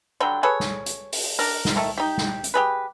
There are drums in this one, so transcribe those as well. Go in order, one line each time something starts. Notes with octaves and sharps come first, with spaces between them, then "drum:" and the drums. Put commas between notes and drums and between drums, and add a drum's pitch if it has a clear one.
D3 F#3 G3 G5
G#4 A4 B4 C#5
drum: snare
drum: hi-hat
drum: open hi-hat
D4 A#4, drum: open hi-hat
drum: snare
D#3 A3
D#4 G4
drum: snare
drum: hi-hat
G4 G#4 B4